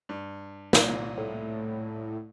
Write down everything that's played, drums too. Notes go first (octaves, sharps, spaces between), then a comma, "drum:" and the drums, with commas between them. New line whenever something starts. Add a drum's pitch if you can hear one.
G2
C2 A#2, drum: snare
A2